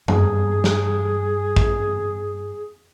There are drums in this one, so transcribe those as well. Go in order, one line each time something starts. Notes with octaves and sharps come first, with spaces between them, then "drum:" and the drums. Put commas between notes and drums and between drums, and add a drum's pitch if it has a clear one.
G2 G#4, drum: tom F#2
drum: snare
drum: kick